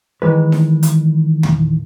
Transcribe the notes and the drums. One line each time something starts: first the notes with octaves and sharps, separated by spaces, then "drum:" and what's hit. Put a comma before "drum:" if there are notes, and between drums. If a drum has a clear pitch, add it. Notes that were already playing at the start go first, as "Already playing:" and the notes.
D#3 E3 G#3 B4
drum: snare D#4
drum: hi-hat
drum: tom